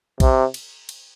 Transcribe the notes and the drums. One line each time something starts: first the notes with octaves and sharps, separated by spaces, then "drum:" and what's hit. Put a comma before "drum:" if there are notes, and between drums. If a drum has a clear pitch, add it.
C3, drum: kick A#1, cymbal
drum: cymbal
drum: cymbal